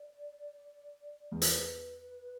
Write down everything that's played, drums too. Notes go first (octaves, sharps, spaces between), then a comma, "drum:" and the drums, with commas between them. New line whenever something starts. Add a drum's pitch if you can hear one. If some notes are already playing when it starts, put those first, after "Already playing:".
Already playing: D5
E2
B4, drum: hi-hat